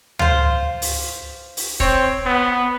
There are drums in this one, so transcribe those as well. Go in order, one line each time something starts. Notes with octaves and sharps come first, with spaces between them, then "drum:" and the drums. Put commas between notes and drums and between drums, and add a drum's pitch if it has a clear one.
F4 C5, drum: tom D2
drum: open hi-hat
drum: open hi-hat
C4 C#5, drum: kick
B3